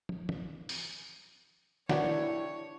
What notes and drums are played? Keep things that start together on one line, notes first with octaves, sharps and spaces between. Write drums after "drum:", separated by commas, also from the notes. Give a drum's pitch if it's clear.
drum: tom
drum: tom
drum: open hi-hat
D4 E4 F#4 G4 A#4 B4 C#5, drum: snare